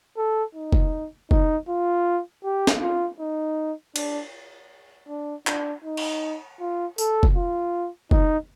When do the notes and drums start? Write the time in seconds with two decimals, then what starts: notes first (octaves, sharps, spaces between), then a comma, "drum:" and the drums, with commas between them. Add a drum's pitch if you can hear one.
0.17 A4
0.55 D#4
0.73 drum: kick
1.31 D#4, drum: kick
1.68 F4
2.44 G4
2.67 drum: snare
2.82 F4
3.20 D#4
3.96 D4, drum: cymbal
5.09 D4
5.47 D4, drum: clap
5.84 D#4
5.97 drum: cymbal
6.60 F4
6.98 A4, drum: tambourine
7.23 drum: kick
7.36 F4
8.11 D#4, drum: kick